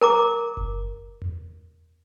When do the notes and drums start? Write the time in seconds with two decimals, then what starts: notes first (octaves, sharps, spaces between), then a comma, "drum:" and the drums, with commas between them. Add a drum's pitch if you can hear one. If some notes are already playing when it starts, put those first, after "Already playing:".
0.01 A#4 A#5 D6
0.57 drum: kick F#1
1.22 drum: tom E2